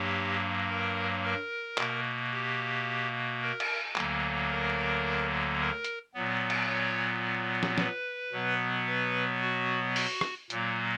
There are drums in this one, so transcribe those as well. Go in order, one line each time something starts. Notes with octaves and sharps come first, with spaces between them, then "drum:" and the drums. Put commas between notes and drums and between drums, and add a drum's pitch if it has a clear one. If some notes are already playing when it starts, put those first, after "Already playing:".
Already playing: G2 F#3 A#3 G4
A#4
A#4
B2 A#3, drum: clap
G4
A#4
drum: cymbal
D2 D3 F#3 A#3, drum: clap
A#4
A#4
drum: hi-hat
A#2 F#3 B3
drum: cymbal
C#5
drum: snare
B4, drum: snare
B2 F#3 B3
B4
F#4
F#4, drum: open hi-hat
drum: rim click
A#2 F#3 A#3, drum: hi-hat